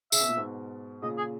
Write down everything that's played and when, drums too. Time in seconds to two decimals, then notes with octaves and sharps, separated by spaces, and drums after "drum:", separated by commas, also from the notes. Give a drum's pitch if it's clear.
0.12 C#3 E5, drum: tambourine
0.21 B2
0.29 A#2
0.37 G#2 B2
1.03 A#2 C#3 D#5
1.18 G#4